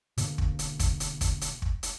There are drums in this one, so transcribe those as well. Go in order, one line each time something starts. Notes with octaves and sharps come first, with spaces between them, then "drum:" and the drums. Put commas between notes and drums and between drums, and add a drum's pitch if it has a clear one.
B2 D3 A#3, drum: hi-hat
drum: kick
drum: hi-hat
drum: kick, hi-hat
drum: hi-hat
drum: kick, hi-hat
drum: hi-hat
drum: kick
drum: hi-hat